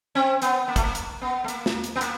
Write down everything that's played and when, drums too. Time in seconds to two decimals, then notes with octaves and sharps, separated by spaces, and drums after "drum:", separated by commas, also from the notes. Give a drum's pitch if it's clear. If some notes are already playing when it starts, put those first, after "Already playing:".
0.15 C4
0.42 B3, drum: hi-hat
0.68 A#3
0.76 A3, drum: kick, hi-hat
0.83 A#3
0.95 drum: hi-hat
1.21 B3
1.44 A3
1.48 A#3, drum: hi-hat
1.66 drum: snare
1.84 drum: hi-hat
1.96 B3
2.01 A#3, drum: hi-hat